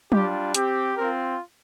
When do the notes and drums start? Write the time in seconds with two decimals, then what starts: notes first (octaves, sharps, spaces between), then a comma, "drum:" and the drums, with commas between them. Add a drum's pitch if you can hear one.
0.12 G3 D4 F4 G4, drum: tom F#3
0.54 C4 G4, drum: hi-hat
0.97 C4 F4 A#4